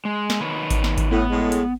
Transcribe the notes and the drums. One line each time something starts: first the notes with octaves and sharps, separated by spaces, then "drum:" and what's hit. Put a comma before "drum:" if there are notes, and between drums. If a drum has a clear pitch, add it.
G#3
drum: snare
D#3 B4 C#5
drum: kick G#1, hi-hat
drum: snare
drum: kick G#1, hi-hat
A2 B3
A2 G#3
drum: hi-hat